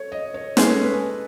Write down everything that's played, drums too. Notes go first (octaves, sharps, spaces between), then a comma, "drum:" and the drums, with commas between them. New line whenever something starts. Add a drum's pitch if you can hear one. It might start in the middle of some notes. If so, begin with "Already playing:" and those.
Already playing: A4 C#5
D#5
C#5
G#3 C#4 G#4 B4, drum: snare
A4
B4